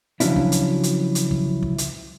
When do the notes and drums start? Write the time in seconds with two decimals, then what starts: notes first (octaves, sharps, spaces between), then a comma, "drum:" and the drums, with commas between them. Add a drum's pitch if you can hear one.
0.20 C#3 F3 F#3 C#4 D4 E4, drum: hi-hat
0.36 drum: kick
0.52 drum: hi-hat
0.83 drum: hi-hat
1.15 drum: hi-hat
1.31 drum: kick
1.62 drum: kick
1.78 drum: hi-hat